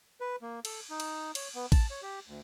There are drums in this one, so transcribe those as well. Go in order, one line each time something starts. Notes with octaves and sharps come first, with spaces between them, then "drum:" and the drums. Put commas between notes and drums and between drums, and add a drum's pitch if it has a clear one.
B4
A#3
A4, drum: cymbal
D#4
drum: cymbal
C#5, drum: cymbal
B3
A5, drum: kick A1, cymbal
C#5
G4
D2